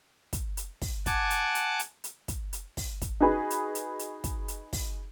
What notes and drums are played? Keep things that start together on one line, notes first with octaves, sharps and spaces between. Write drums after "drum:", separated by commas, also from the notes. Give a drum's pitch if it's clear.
drum: kick, hi-hat
drum: hi-hat
drum: kick, open hi-hat
F#5 G#5 A5 D6, drum: kick, hi-hat
drum: hi-hat
drum: hi-hat
drum: hi-hat
drum: hi-hat
drum: kick, hi-hat
drum: hi-hat
drum: kick, open hi-hat
drum: kick, hi-hat
D#4 F#4 G#4 B4
drum: hi-hat
drum: hi-hat
drum: hi-hat
drum: kick, hi-hat
drum: hi-hat
drum: kick, open hi-hat